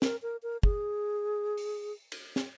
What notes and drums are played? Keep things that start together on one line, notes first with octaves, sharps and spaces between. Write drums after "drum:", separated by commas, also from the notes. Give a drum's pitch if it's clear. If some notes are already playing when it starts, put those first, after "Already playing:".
A#4, drum: snare
A#4
A#4
G#4, drum: kick
drum: open hi-hat
drum: cymbal
drum: snare